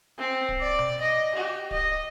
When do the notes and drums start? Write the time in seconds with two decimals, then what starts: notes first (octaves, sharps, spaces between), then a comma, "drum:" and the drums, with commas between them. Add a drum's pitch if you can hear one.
0.19 C4
0.49 drum: kick D1
0.61 D5
0.79 drum: tom B2
1.01 D#5
1.35 G4
1.71 D#5, drum: kick D1